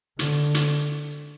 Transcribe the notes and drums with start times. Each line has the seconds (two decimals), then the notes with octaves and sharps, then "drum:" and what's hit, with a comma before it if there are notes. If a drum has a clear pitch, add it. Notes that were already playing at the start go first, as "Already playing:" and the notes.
0.19 D3, drum: hi-hat
0.54 drum: hi-hat